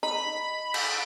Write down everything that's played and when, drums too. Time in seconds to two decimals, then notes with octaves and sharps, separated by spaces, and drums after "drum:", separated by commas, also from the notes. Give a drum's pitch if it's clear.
0.03 D#4 B5
0.74 drum: cymbal